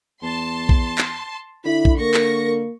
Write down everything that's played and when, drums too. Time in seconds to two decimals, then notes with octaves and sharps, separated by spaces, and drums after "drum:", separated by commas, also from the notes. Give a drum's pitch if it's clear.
0.22 E2 A5 C6
0.69 drum: kick
0.98 drum: clap
1.66 D3 E4 B5
1.85 drum: kick
2.00 A#3 A#4 C#6 A#6
2.14 drum: clap